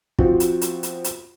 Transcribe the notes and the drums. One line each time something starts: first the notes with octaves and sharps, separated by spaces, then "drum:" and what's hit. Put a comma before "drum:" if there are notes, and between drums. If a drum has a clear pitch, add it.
F3 C4 F#4, drum: kick
drum: hi-hat
drum: hi-hat
drum: hi-hat
drum: hi-hat